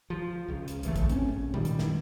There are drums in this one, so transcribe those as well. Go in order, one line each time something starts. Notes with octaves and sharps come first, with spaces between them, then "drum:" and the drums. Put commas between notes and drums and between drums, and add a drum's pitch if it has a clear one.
F3
C#2 C#3
drum: hi-hat
A1 E3 G#3 A3, drum: hi-hat
drum: kick A1, hi-hat
C4 C#4, drum: hi-hat
A#1
F#2 D#3 G3, drum: tom A#2
drum: hi-hat
drum: snare